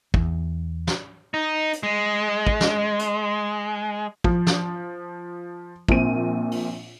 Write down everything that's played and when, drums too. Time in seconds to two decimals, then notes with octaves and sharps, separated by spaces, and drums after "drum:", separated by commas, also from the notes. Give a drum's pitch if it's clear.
0.14 E2, drum: kick
0.87 drum: snare
1.34 D#4
1.73 drum: hi-hat
1.83 G#3
2.47 drum: kick
2.60 drum: snare
2.99 drum: hi-hat
4.24 F3, drum: kick
4.47 drum: snare
5.89 A#1 A#2 C4 D#7, drum: kick
6.52 drum: open hi-hat